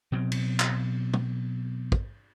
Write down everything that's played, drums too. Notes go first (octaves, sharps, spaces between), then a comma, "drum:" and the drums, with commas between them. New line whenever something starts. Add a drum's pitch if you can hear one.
B2 F#3 C4
drum: cymbal
drum: clap
drum: tom
drum: kick